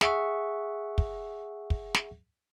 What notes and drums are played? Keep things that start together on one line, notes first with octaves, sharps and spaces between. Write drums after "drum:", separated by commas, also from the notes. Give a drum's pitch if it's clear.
G#4 E5 F#5 C#6, drum: snare
drum: kick
drum: kick
drum: snare